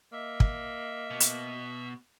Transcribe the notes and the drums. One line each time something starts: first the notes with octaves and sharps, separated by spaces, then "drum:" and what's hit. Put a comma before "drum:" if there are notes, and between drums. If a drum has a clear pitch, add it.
A#3 D#5 E5 E6
drum: kick
B2
drum: hi-hat